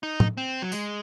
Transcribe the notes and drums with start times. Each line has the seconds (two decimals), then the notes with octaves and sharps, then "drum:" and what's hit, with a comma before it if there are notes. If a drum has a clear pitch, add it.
0.03 D#4
0.20 drum: tom
0.37 C4
0.62 F#3
0.72 G#3, drum: tambourine